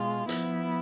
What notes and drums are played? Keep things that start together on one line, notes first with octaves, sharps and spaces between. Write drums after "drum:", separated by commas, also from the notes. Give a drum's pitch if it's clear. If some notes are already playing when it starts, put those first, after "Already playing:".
Already playing: B2 G#3 F4
F3 B3 E4, drum: hi-hat